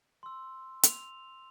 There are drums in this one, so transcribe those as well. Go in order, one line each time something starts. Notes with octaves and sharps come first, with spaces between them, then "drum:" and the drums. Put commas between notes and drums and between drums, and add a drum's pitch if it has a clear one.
C6 E6
F7, drum: hi-hat